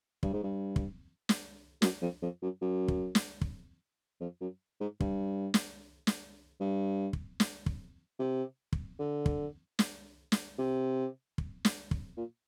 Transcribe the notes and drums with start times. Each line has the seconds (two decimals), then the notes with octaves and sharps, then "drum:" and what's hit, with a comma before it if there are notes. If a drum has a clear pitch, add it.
0.23 G2, drum: kick
0.33 G#2
0.43 G2
0.76 drum: kick
1.29 drum: snare
1.82 F#2, drum: snare
2.02 F2
2.22 F2
2.42 F#2
2.62 F#2
2.88 drum: kick
3.15 drum: snare
3.41 drum: kick
4.21 F2
4.41 F#2
4.81 G#2
5.00 G2, drum: kick
5.54 drum: snare
6.07 drum: snare
6.61 G2
7.13 drum: kick
7.40 drum: snare
7.66 drum: kick
8.19 C3
8.73 drum: kick
8.99 D3
9.26 drum: kick
9.79 drum: snare
10.32 drum: snare
10.58 C3
11.38 drum: kick
11.65 drum: snare
11.91 drum: kick
12.17 A#2